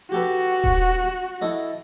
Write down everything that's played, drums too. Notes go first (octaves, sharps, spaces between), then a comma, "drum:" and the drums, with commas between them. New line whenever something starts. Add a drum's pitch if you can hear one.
F#4 G4 A4 B4
drum: kick D#1
E4 A4 D#5